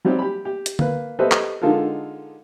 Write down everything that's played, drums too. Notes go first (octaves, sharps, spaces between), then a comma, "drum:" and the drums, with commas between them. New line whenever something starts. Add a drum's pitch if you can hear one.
F#3 G3 C4 D#4 G4
G4 B5
G4
drum: hi-hat
A#3 B4, drum: tom D3
G4 A4 B4 C5 D#5 E5
drum: clap
D3 G#3 D#4 F4 A4 A#4